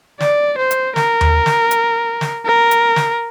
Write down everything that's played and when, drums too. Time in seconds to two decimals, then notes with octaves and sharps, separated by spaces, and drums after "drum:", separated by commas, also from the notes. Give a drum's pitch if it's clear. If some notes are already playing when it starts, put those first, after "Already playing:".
0.20 D5, drum: snare
0.58 C5
0.71 drum: hi-hat
0.96 A#4, drum: snare
1.21 drum: tom D#2
1.46 drum: snare
1.71 drum: hi-hat
2.21 drum: snare
2.46 A#4
2.71 drum: hi-hat
2.96 drum: snare